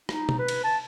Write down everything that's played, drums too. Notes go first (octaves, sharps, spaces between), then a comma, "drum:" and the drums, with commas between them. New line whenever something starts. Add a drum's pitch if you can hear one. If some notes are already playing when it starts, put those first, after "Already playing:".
D#4, drum: rim click
drum: tom B2
B4
drum: cymbal
A5